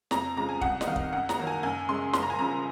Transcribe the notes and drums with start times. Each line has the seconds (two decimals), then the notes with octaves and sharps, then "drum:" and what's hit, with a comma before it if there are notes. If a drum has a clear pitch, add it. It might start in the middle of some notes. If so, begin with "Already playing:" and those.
0.11 F2 A#5, drum: snare
0.36 C#3 F3 G#3 A#5
0.49 G#5
0.61 C2 F#5, drum: kick
0.81 D#5, drum: snare
0.87 C3 D#3 F5
0.96 drum: kick
1.12 F#2 F#5
1.29 A#5, drum: snare
1.38 D#3 F#3 A#3
1.47 G#5
1.63 F#2 G#5
1.88 C#3 G#3 C6
2.13 F#1 C6, drum: snare
2.23 A#5
2.30 G#5
2.39 F#2 C#3 F3 A#5